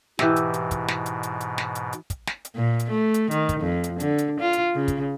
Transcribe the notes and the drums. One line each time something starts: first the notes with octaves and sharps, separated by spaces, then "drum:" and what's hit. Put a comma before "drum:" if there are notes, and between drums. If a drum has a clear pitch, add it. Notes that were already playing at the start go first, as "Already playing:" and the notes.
G#2 B2 E3 G4 E5, drum: snare
drum: hi-hat
drum: hi-hat
drum: kick, hi-hat
drum: snare
drum: hi-hat
drum: hi-hat
drum: hi-hat
drum: snare
drum: hi-hat
drum: hi-hat
drum: kick, hi-hat
drum: snare
drum: hi-hat
A#2
drum: hi-hat
A3
drum: hi-hat
D#3, drum: hi-hat
drum: kick, hi-hat
F2
drum: hi-hat
D3, drum: hi-hat
drum: hi-hat
F4
drum: hi-hat
C#3
drum: kick, hi-hat